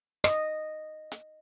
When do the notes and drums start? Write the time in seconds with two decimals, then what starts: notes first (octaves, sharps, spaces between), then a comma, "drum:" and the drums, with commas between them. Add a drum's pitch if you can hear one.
0.24 D#5, drum: rim click
1.12 drum: hi-hat